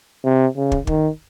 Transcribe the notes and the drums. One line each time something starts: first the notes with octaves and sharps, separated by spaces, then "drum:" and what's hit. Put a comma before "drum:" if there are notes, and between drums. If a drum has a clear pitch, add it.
C3
C#3
drum: kick
D#3, drum: kick